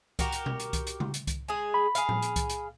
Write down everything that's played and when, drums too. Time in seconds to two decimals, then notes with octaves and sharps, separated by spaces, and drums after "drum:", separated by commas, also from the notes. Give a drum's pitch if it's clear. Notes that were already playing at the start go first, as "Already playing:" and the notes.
0.19 F#4 G4 A#4, drum: kick C2, hi-hat
0.32 drum: hi-hat
0.46 drum: tom B2
0.60 drum: hi-hat
0.73 drum: kick C2, hi-hat
0.87 drum: hi-hat
1.00 drum: tom C#3
1.14 drum: hi-hat
1.27 drum: kick C2, hi-hat
1.48 G#3 G#4
1.74 B5
1.95 G#4 F5, drum: hi-hat
2.09 drum: tom A2
2.22 drum: hi-hat
2.36 drum: kick C2, hi-hat
2.50 drum: hi-hat